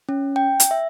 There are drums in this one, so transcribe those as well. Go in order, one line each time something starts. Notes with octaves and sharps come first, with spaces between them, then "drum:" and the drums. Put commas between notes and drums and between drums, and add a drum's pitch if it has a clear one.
C#4
G5
drum: hi-hat
E5